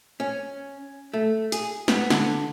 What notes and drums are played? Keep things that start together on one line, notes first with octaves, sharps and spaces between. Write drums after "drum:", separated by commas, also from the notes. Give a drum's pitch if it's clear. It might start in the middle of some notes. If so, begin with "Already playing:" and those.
C#4
A3
G#4, drum: hi-hat
B3, drum: snare
D3, drum: snare